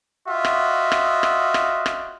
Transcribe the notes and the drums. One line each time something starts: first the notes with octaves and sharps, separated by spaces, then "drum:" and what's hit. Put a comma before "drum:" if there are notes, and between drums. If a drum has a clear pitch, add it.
F4 F#4 D#5 E5
drum: rim click
drum: rim click
drum: rim click
drum: rim click
drum: rim click